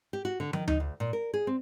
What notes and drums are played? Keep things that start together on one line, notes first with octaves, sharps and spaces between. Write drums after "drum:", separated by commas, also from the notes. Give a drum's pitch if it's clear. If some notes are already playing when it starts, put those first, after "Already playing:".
G4
F#4
D3
D#3, drum: tom
D#4, drum: tom D2
D2
A#2
A#4
G#4
C4